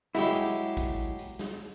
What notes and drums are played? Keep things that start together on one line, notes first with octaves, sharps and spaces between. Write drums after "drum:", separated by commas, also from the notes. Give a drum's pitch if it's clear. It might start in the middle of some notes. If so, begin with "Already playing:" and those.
F#3 G#3 E4 G4, drum: snare
drum: hi-hat
drum: kick, hi-hat
drum: hi-hat
drum: snare